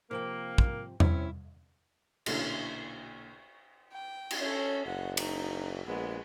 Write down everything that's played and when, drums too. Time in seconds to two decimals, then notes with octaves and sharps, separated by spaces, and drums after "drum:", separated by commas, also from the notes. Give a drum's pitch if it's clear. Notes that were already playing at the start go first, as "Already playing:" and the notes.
0.11 C3 F3 A#3 G5
0.58 drum: kick
1.00 C4 C#4 E4, drum: tom E2
2.26 B1 A#2 D3 C#4 E4, drum: cymbal
3.93 G5
4.31 drum: cymbal
4.41 C#4 A4 C#5
4.86 F#1 F#5
5.17 D#4, drum: cymbal
5.86 A#1 G#3 B3